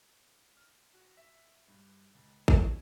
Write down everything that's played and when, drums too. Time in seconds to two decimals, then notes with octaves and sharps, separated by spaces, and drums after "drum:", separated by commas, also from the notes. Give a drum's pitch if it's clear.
0.57 F6
0.94 F#4
1.17 E5
1.68 G2
2.15 C#2
2.48 C#5, drum: kick G#1
2.68 E4